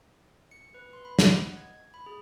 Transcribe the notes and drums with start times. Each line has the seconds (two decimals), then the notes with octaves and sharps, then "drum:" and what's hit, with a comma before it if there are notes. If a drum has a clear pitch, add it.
0.51 C#7
0.74 B4
0.93 C6
1.05 B5
1.19 F#5, drum: snare
1.33 D#5
1.57 G#6
1.94 B5
2.06 G#4